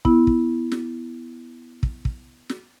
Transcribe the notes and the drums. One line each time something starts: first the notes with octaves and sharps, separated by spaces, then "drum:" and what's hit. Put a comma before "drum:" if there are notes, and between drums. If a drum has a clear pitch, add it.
B3 E4, drum: kick
drum: kick
drum: snare
drum: kick
drum: kick
drum: snare